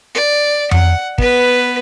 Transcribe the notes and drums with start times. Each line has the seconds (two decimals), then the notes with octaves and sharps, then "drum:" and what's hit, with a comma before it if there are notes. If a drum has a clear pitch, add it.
0.15 D5
0.71 F#5, drum: tom F2
1.18 B3 B4, drum: kick